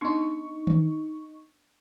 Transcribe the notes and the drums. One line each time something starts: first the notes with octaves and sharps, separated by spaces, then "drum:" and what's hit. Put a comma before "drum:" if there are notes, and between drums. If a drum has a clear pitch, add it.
B3 D4 D#4 C#6
drum: tom D#3